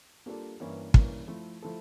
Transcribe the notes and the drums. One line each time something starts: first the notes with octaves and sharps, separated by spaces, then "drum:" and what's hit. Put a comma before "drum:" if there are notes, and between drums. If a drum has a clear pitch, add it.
G3 A#3 D4 F4 A4
G2 E3 A#3 C#4 E4
G2 E3 A#3 C#4 E4, drum: kick
F3 A3 E4 A4
F3 A3 E4 A4